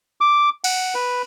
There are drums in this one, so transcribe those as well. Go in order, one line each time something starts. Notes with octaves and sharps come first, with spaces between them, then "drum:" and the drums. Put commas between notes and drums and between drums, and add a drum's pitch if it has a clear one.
D6
F#5, drum: cymbal
B4